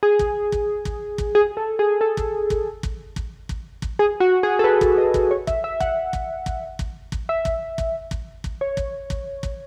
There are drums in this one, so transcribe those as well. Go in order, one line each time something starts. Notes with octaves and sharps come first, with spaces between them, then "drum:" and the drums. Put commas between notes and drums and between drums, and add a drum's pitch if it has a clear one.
G#4
drum: kick
drum: kick
drum: kick
drum: kick
G#4
A4
G#4
A4
drum: kick
drum: kick
drum: kick
drum: kick
drum: kick
drum: kick
G#4
F#4
G#4
A4
B4
drum: kick
D#5
drum: kick
C#5
E5, drum: kick
E5
F#5, drum: kick
drum: kick
drum: kick
drum: kick
drum: kick
E5
drum: kick
drum: kick
drum: kick
drum: kick
C#5
drum: kick
drum: kick
drum: kick